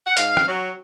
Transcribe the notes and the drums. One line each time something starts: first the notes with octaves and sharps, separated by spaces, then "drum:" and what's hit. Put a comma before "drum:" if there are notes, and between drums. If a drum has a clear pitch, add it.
F#5
G#2 F5, drum: hi-hat
drum: rim click
F#3